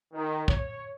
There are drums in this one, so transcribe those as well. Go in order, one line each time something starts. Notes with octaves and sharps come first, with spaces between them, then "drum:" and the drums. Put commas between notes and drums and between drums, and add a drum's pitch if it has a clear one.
D#3
C#5, drum: kick